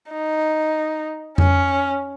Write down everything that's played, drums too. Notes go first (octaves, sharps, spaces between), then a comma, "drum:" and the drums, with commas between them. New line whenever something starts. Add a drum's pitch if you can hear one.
D#4
C#4, drum: tom F2